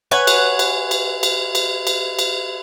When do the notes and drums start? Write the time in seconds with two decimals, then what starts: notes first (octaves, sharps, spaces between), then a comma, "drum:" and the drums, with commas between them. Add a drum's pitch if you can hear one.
0.11 B4 C#5 F#5 G#5
0.27 drum: cymbal
0.59 drum: cymbal
0.91 drum: cymbal
1.23 drum: cymbal
1.55 drum: cymbal
1.87 drum: cymbal
2.19 drum: cymbal